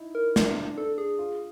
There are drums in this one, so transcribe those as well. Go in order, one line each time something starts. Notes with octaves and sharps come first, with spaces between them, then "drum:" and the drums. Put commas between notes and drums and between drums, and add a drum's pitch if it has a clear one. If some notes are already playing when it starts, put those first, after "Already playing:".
Already playing: D#4 E4
A#4
D4, drum: snare
D4 A4
G#4
F4